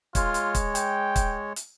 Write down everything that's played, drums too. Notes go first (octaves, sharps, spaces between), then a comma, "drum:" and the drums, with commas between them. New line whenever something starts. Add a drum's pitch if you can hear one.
G#3 F4 C#5, drum: kick, hi-hat
drum: hi-hat
drum: kick, hi-hat
G5, drum: hi-hat
drum: kick, hi-hat
drum: hi-hat